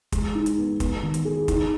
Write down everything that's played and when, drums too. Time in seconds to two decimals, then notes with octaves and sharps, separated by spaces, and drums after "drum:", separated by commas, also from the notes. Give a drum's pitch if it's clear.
0.12 G#3, drum: kick, hi-hat
0.35 D#4
0.46 drum: hi-hat
0.58 B3
0.80 B3, drum: kick, hi-hat
1.03 D#3
1.14 drum: hi-hat
1.25 G#4
1.48 D#4, drum: kick, hi-hat